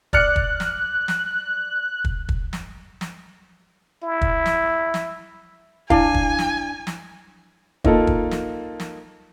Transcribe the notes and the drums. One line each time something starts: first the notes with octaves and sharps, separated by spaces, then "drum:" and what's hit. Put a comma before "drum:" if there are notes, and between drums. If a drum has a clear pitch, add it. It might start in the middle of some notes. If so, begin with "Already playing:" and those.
D5 F6 F#6 C#7, drum: kick
drum: kick
drum: snare
drum: snare
drum: kick
drum: kick
drum: snare
drum: snare
E4
drum: kick
drum: snare
drum: snare
D4 E4 F5 G#5, drum: kick
drum: kick
drum: snare
drum: snare
A#3 D#4 F4 A4, drum: kick
drum: kick
drum: snare
drum: snare